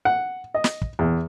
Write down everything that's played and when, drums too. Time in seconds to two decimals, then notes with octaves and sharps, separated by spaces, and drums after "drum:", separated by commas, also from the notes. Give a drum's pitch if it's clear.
0.05 F#5
0.54 D#5
0.64 drum: snare
0.82 drum: kick
0.99 E2